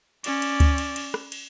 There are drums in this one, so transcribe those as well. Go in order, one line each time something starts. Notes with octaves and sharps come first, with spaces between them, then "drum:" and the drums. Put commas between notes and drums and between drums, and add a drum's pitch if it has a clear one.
C#4 D5, drum: cymbal
drum: cymbal
drum: kick D2, cymbal
drum: cymbal
drum: cymbal
drum: rim click
drum: cymbal